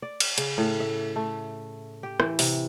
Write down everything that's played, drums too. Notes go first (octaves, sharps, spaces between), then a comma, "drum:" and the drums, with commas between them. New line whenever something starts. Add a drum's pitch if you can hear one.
D5
drum: cymbal
C#3, drum: hi-hat
A2
E5
A3
G4
E3, drum: rim click
C3, drum: open hi-hat